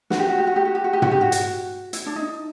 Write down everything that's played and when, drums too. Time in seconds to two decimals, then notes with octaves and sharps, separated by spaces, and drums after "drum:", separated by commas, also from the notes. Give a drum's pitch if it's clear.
0.10 F#4, drum: snare
0.19 G4
0.29 F#4
0.38 G4
0.47 F#4
0.56 G4
0.65 F#4
0.75 G4
0.84 F#4
0.93 G4
1.02 F#4, drum: tom
1.11 G4
1.21 F#4
1.32 drum: hi-hat
1.93 E4, drum: hi-hat
2.06 D4
2.16 D#4